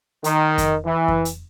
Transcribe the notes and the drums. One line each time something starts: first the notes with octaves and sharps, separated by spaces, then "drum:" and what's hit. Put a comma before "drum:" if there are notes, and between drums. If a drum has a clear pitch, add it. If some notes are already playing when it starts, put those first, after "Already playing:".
D#3, drum: hi-hat
drum: kick F2, hi-hat
E3
drum: kick F2
drum: hi-hat